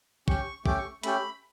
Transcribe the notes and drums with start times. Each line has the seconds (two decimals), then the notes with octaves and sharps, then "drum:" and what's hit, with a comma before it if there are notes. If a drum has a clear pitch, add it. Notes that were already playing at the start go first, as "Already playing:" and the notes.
0.28 C#4 G4 C#6, drum: kick
0.66 A3 C#4 G4 D6, drum: kick
0.78 C#6
1.03 A3 C#4 G4 B5, drum: hi-hat